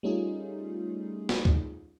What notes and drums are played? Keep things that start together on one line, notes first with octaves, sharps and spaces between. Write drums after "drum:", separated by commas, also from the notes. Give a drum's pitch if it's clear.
G3 A3 C#4 D#4 F4 G#4
drum: snare
drum: kick C#2